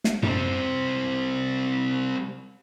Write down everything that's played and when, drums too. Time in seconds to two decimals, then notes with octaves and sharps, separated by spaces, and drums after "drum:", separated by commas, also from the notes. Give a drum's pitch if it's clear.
0.04 drum: snare
0.23 G3 C4, drum: tom F#2